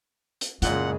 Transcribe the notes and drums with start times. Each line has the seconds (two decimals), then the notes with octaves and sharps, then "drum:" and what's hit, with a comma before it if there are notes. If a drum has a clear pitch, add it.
0.41 drum: hi-hat
0.62 F#2 A#2 C#3 G#3 E4 F4 F#5, drum: hi-hat